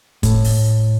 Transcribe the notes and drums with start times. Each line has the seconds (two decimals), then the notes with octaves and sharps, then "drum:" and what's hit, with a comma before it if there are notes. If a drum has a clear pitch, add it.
0.23 A2, drum: kick, hi-hat
0.44 drum: open hi-hat